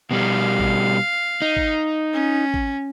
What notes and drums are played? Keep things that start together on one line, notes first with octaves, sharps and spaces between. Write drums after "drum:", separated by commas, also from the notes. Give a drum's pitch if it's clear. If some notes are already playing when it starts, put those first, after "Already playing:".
B2 G3 F5
drum: kick G#1
D#4
drum: kick G#1
C#4
drum: kick G#1